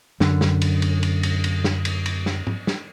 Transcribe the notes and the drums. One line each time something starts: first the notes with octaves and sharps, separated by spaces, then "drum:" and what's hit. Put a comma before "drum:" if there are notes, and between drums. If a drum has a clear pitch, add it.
F#2 D3, drum: snare
drum: snare
drum: cymbal
drum: cymbal
drum: cymbal
drum: cymbal
drum: cymbal
drum: snare
drum: cymbal
drum: cymbal
drum: snare
drum: tom G#2
drum: snare